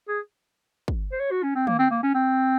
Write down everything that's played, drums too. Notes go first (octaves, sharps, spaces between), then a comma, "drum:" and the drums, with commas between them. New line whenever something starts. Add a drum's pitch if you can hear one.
G#4
drum: kick
C5
C#5
F#4
C#4
C4
A#3, drum: tom
C4
A#3
C#4
C4